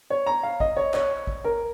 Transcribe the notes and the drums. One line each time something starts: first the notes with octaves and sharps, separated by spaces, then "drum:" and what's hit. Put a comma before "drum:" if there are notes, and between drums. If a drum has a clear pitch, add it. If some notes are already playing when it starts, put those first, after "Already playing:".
C#5
A#5
F5
D#5, drum: kick
C#5
C#5, drum: clap
drum: kick
A#4